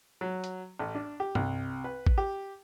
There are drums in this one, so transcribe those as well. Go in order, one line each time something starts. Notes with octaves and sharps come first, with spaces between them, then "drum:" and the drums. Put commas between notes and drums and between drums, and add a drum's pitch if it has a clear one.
F#3
drum: hi-hat
A1
D4
G4
C2, drum: tom G2
B4
drum: kick
G4